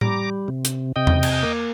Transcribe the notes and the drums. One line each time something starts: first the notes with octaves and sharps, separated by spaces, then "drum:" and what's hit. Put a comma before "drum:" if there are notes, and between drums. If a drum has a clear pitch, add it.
G3 A#5 D6, drum: tom A2
C3
drum: hi-hat
C3 D#5 G5
drum: tom E2
drum: cymbal
A#3